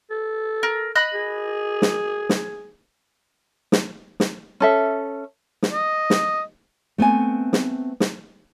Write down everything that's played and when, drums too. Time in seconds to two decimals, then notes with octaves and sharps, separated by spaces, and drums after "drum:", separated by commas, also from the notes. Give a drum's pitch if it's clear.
0.10 A4
0.63 A#4
0.95 D#5 B5 F#6
1.14 G#4
1.82 drum: snare
2.29 drum: snare
3.72 drum: snare
4.20 drum: snare
4.60 C#4 A4 E5
5.62 drum: snare
5.72 D#5
6.10 drum: snare
6.98 A3 B3 C4 G#5
7.53 drum: snare
8.00 drum: snare